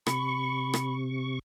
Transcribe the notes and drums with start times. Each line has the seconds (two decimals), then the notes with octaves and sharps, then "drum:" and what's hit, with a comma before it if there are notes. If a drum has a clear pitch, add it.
0.07 C3 B5 C#6, drum: rim click
0.74 drum: rim click